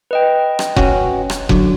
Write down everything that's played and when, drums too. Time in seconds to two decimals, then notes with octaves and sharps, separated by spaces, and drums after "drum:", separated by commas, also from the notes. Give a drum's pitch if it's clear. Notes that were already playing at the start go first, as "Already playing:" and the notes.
0.11 B4 D#5 G5
0.59 drum: rim click
0.76 C#4 F#4, drum: kick F1
1.30 drum: rim click
1.49 D3 F#3 F#4, drum: kick F1